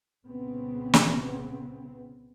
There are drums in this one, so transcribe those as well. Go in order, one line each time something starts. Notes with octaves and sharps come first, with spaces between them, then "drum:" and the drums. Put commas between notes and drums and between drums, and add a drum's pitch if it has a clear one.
C2 A#2 C#3 B3 C4
drum: snare